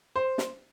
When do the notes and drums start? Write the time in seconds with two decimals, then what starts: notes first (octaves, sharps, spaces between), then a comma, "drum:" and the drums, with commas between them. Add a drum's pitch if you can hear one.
0.16 C5
0.38 drum: snare